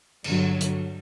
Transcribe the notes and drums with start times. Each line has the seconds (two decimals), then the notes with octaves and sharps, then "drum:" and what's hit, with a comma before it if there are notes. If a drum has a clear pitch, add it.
0.24 G2 D3 F#3, drum: cymbal
0.61 drum: hi-hat